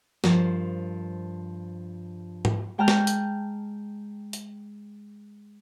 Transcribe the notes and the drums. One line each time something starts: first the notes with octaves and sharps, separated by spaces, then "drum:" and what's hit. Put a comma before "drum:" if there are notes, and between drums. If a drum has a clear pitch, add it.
G2 F3 A#4 C5, drum: snare
drum: tom G#2
G#3 G5 A5 A#5 F6 G6
drum: snare
drum: hi-hat
drum: hi-hat